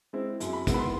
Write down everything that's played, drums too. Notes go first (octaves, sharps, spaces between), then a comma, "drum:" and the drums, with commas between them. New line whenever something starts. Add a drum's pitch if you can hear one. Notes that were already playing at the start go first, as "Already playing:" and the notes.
G#3 C4 E4
F#2, drum: hi-hat
B5
D#3 G#3 B3 E4, drum: kick, hi-hat
B5
C6